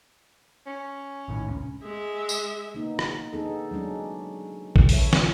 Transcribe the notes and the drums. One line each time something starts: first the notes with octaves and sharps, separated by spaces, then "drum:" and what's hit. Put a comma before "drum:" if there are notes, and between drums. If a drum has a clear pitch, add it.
C#4
A#1 A2 D#3
D#1 C#2 C#4
G#3 E5
drum: tambourine
A#3 B3 D#4
drum: rim click
B3 D4 D#4 G#4 A4
F#3 G#3 C#4 D4
drum: kick A#1
D3 A4 B4 C#5 E5, drum: open hi-hat
drum: snare